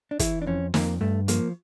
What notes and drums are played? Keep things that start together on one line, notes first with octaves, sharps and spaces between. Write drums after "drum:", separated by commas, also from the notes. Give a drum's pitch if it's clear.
D4
E3 E4, drum: kick, hi-hat
D4
F2 C#4
F2 A#3, drum: snare
G2 A3
F3 A#3, drum: hi-hat